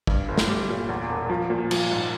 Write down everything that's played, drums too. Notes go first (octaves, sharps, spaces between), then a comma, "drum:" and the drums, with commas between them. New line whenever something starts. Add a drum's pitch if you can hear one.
G2, drum: kick A1
G1
drum: snare
G3
A#2
E2
E1
F3
A#2
F3, drum: cymbal
G#2